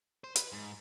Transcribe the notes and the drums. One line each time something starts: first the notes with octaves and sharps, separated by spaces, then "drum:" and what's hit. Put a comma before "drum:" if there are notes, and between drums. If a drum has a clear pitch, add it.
C5
B4, drum: hi-hat
G#2